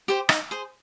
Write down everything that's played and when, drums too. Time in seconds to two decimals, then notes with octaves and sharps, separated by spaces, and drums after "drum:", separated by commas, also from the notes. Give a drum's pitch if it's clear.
0.08 G4 C5
0.29 D#4, drum: rim click
0.51 G#4 C5